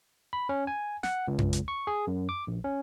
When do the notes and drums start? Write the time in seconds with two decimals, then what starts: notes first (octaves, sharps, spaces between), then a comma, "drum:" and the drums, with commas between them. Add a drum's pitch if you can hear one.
0.33 B5
0.49 C#4
0.67 G#5
1.03 F#5, drum: snare
1.28 C#2
1.38 drum: tom F#2
1.53 drum: hi-hat
1.68 C#6
1.87 G#4
2.07 F#2
2.29 D6
2.47 A#1
2.64 C#4